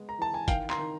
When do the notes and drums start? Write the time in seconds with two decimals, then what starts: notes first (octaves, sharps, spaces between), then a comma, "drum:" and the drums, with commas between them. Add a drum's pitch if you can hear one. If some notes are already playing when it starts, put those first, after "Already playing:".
Already playing: G#3 B3
0.09 A#5
0.19 E3 A5
0.34 G#5
0.48 D#3 F5 G5, drum: kick, hi-hat
0.70 A#5 C6, drum: clap
0.78 D#3